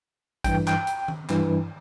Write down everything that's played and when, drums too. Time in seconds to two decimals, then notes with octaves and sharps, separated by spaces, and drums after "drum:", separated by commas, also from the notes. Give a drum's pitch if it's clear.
0.44 G2 E3 G5, drum: kick A1, hi-hat
0.67 G5, drum: clap
0.87 drum: hi-hat
1.08 drum: tom D#3
1.29 G2 E3, drum: clap